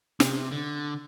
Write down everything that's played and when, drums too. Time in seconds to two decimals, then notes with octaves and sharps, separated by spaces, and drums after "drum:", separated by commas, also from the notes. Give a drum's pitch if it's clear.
0.20 C3, drum: snare
0.51 D3